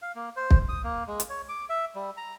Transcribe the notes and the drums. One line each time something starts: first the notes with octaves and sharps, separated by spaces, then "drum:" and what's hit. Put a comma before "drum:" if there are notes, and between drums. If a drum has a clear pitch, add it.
F5
A#3
C5
drum: kick
D#6
A#3
G#3
drum: hi-hat
C#5
D6
E5
G3
A#5